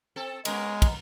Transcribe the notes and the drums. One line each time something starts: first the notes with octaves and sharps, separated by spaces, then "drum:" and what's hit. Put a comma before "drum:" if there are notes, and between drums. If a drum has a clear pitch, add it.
C4 A4
G#3 B3 C#4 A#4, drum: cymbal
drum: kick, cymbal